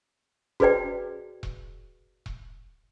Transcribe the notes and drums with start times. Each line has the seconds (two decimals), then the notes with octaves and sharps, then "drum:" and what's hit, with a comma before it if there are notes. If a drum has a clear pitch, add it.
0.60 F#4 G#4 B4 D5 G5, drum: kick E1
1.43 drum: kick E1
2.26 drum: kick E1